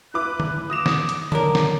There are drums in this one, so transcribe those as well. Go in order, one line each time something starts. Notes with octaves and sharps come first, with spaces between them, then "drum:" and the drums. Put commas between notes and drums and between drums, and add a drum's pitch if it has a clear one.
E4 B4 D6 F#6
drum: tom D3
D6 D#6 A#6 E7
drum: snare
drum: hi-hat
D3 F#3 A#4 D6, drum: tom D3
drum: snare